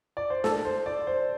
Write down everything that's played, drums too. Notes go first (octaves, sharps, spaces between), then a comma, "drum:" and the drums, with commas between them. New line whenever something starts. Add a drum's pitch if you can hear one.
D5
C5
A4, drum: snare
C5
D5
C5